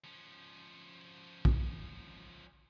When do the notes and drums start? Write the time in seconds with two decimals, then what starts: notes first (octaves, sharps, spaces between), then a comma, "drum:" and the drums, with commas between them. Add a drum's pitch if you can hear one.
0.04 F3 C#4
1.45 drum: kick